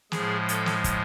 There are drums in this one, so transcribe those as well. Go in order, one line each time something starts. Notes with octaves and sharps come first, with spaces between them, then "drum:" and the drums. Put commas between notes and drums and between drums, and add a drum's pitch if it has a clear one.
A2 F3 G#3 G#4, drum: snare
A4, drum: hi-hat
drum: snare
drum: kick, hi-hat